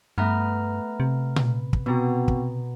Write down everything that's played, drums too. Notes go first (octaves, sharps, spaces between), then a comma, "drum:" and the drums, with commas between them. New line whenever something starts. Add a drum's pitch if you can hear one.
G2 A3 B3 A#5 F6
C3
drum: tom A#2
drum: kick
B2 B3 C4 F#4 A#5
drum: kick